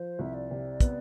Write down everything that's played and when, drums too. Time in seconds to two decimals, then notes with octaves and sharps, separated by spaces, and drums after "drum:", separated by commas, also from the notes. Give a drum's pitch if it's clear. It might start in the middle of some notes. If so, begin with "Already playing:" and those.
Already playing: F3 C5
0.19 C2 E5
0.34 D5
0.51 C3
0.80 B3, drum: kick, hi-hat